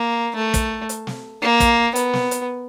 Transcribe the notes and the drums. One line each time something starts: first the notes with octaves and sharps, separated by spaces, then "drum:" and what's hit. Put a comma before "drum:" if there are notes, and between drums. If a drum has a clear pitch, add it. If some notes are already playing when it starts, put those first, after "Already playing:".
Already playing: A#3
A3
drum: kick, hi-hat
drum: hi-hat
drum: snare
A#3
drum: kick, hi-hat
B3, drum: hi-hat
drum: snare
drum: hi-hat